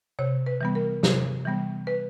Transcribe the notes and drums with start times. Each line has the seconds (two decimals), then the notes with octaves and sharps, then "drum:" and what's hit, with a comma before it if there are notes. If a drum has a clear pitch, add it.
0.19 C3 C#5
0.46 B4
0.61 E3 G3 B3
0.75 A#4
1.03 C3, drum: snare
1.45 E3 G3 B3
1.87 B4